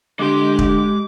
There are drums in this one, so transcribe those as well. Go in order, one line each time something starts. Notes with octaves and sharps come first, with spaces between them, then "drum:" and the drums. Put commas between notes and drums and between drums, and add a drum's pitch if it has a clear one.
D3 G#3 G4 C6 D6
drum: kick